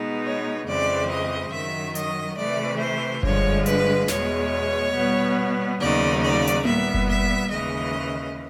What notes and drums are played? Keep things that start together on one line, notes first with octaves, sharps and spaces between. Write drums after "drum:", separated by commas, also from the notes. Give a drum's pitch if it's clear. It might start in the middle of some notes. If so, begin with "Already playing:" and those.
Already playing: B2 G#3 B3 D#4
C#5
F2 C#3 E3 G#3 C4 D5
D#5
F#2 D#3 F#3 E5
D#5, drum: hi-hat
C3 E3 A3 D5
C5
G2 D3 F3 G#3 C#5, drum: kick F#1
B4, drum: hi-hat
E2 B2 G#3 C#5, drum: snare
B2 G3 B3
D#2 C#3 F#3 B3 D#4 D5
D5
drum: hi-hat
A#2 G3 B3 E5, drum: tom A#3
drum: kick F#1
E5
D#2 C#3 E3 G#3 D#5